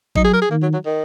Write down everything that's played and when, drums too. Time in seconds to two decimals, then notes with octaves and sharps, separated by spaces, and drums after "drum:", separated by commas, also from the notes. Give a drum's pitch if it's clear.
0.16 F#3 D#4, drum: kick G#1
0.24 G#4
0.33 A#4
0.41 G#4
0.51 D#3 A#3
0.62 F#3
0.73 F#3
0.85 D#3